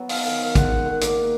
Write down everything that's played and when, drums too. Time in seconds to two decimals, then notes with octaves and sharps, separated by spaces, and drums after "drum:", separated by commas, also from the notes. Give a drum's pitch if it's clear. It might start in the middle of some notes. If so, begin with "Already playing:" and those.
Already playing: F#3 B3 F#4
0.09 D#4 F5, drum: open hi-hat
0.25 D#3
0.40 D#3
0.55 G#3 F#5, drum: kick, hi-hat
0.70 D#4
0.86 D#3
1.01 A#3, drum: hi-hat